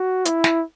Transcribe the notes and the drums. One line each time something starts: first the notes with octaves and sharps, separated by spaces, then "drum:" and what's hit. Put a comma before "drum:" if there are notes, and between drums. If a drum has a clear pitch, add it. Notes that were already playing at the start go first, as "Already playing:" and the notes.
Already playing: F#4
E4, drum: hi-hat
drum: snare